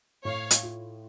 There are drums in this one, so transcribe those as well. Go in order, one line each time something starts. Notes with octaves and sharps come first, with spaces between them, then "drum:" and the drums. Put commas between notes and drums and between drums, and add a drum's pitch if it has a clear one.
A2 C#5 F5
drum: hi-hat
F4